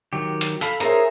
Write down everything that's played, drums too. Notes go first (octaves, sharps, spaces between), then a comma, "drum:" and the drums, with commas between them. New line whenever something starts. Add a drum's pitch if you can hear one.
D#3 F#3 G4
drum: hi-hat
A4 F5 B5, drum: hi-hat
D#4 G#4 A#4 C5 C#5 E5 A#5, drum: hi-hat